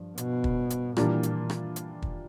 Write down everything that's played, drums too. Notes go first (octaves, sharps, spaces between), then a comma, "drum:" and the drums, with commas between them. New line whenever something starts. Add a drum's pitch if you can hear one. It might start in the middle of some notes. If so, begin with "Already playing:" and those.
Already playing: G2 F3
B2, drum: hi-hat
drum: kick
drum: hi-hat
A#2 E3 G3 A#3 D4 F4, drum: rim click
drum: hi-hat
drum: rim click
drum: hi-hat
drum: kick